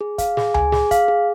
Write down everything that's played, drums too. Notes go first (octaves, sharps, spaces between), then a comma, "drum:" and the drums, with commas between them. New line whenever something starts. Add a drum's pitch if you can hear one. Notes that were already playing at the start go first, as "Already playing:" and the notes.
G#4
F5, drum: kick, hi-hat
G#4, drum: snare
G#5, drum: tom C#2
G#4, drum: snare
F5, drum: kick, hi-hat
G#4